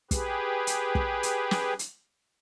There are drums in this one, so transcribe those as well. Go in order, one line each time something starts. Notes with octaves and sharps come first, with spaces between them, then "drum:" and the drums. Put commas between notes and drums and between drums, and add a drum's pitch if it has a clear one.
G4 G#4 B4, drum: kick, hi-hat
drum: hi-hat
drum: kick
drum: hi-hat
drum: snare
drum: hi-hat